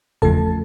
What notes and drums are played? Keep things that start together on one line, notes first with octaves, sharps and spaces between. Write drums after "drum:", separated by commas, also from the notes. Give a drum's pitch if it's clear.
E2 C#3 F3 A3 A4 A5, drum: kick